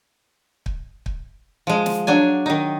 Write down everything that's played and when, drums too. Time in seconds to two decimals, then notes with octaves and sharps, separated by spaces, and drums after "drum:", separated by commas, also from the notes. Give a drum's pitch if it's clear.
0.66 drum: kick
1.06 drum: kick
1.67 F3 G#3
1.86 drum: snare
2.07 F#3 D4 G#5
2.46 D#3 D#4